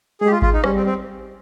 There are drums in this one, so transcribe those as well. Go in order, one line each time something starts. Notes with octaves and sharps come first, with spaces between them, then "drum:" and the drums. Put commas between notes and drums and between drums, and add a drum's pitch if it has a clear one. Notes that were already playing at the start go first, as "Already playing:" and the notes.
G#3 G#4
G4
F4
F4, drum: kick G#1
D#4
G3 C#4, drum: rim click
C4
C4